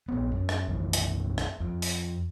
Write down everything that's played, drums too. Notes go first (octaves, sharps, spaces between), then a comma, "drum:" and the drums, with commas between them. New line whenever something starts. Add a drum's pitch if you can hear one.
A#1 B3
F#2
drum: rim click
B1 F#2 E3
drum: hi-hat
drum: rim click
F2
drum: open hi-hat